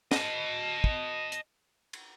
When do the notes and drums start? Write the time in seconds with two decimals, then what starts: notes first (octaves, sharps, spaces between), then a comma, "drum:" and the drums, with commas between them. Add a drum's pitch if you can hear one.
0.12 D#5 A5, drum: snare
0.84 drum: kick
1.32 drum: hi-hat
1.93 drum: cymbal